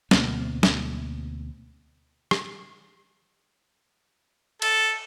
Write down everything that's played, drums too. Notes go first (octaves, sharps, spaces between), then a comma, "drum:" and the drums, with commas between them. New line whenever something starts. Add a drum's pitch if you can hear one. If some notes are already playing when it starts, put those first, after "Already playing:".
D2 B2 A#3 C4, drum: snare
drum: snare
drum: rim click
A4, drum: cymbal